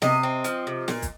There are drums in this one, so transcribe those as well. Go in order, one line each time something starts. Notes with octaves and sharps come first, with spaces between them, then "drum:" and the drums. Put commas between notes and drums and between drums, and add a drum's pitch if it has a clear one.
C3 D#5, drum: snare
C4
F3, drum: hi-hat
C3
A#2, drum: snare
drum: kick, hi-hat